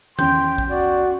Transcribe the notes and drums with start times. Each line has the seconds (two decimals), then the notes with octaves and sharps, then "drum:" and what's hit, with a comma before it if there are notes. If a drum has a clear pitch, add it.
0.19 E2 C#4 G5 C6 G6, drum: tom D#3
0.58 drum: kick
0.70 F#4 D5